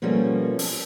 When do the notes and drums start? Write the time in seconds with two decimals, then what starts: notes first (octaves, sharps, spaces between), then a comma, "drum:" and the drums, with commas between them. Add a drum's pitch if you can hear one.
0.02 B2 F3 G3 A3 A#3 C#4
0.59 drum: open hi-hat